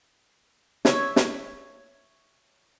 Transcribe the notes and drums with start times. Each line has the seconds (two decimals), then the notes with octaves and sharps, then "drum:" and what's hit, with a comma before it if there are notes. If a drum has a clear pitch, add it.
0.85 C#5 E5, drum: snare
1.16 drum: snare